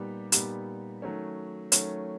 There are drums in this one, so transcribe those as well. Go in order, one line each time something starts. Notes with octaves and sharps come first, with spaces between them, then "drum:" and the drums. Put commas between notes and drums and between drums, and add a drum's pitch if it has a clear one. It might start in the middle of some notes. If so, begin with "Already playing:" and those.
Already playing: A#2 G3 B3 D#4 G4
A#2 G3 B3 D#4 G4, drum: hi-hat
D#3 F#3 A3 C#4
D#3 F#3 A3 C#4, drum: hi-hat